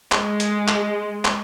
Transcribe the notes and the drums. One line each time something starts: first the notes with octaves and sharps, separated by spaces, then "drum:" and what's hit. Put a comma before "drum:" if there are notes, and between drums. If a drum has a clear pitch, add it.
G#3, drum: clap
drum: hi-hat
drum: clap
drum: clap